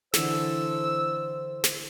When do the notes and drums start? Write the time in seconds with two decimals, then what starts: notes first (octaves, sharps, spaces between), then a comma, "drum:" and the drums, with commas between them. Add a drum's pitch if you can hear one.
0.14 D3 E3 A4 C5 E6, drum: snare
1.64 drum: snare